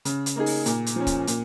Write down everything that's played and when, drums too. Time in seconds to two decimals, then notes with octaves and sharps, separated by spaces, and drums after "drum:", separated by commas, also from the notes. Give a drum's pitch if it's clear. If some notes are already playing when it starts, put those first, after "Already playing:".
0.05 C#3, drum: hi-hat
0.26 drum: hi-hat
0.36 A#3 D#4 G#4
0.46 drum: open hi-hat
0.66 A#2, drum: hi-hat
0.86 drum: hi-hat
0.96 F3 C#4
1.07 drum: kick, hi-hat
1.27 A#2, drum: hi-hat